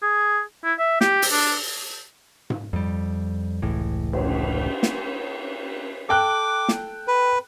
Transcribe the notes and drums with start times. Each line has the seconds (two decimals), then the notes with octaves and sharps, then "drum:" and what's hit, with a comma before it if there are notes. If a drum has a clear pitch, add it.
0.02 G#4
0.64 E4
0.79 E5
1.01 G4, drum: snare
1.22 drum: open hi-hat
1.31 D4
2.50 drum: tom G#2
2.73 F2 G3
3.62 F1 C#2 A2 E3
4.13 drum: cymbal
4.83 drum: snare
6.09 A4 G5 D6 F#6
6.69 drum: snare
7.07 B4